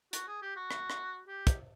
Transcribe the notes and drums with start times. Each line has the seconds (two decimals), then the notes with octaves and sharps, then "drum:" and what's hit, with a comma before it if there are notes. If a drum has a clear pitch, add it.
0.13 F#4, drum: hi-hat
0.27 G#4
0.42 G4
0.56 F#4
0.71 drum: rim click
0.90 drum: rim click
1.28 G4
1.47 drum: kick, hi-hat